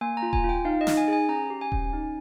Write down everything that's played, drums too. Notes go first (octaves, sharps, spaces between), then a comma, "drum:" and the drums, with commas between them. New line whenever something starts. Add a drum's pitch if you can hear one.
A#3 G#5
A#5
F4
G#5, drum: kick D#1
F4
G5
D#4 F5
D#5
D#4, drum: snare
G#5
G#4 G#5
C#4 A#5
G4
G#5
C#4, drum: kick D#1
D#4